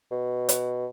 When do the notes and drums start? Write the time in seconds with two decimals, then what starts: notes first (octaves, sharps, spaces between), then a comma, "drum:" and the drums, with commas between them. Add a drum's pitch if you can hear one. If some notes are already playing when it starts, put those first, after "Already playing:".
0.11 B2
0.49 drum: hi-hat